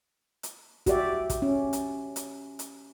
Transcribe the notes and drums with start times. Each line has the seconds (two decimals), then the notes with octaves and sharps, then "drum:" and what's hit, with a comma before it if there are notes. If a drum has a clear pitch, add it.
0.43 drum: hi-hat
0.86 F#4 G4 D5 E5, drum: kick, hi-hat
1.30 drum: kick, hi-hat
1.42 C#4
1.73 drum: hi-hat
2.16 drum: hi-hat
2.59 drum: hi-hat